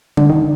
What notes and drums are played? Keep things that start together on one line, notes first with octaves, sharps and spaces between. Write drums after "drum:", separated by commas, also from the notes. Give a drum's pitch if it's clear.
D3, drum: tom G3
D#3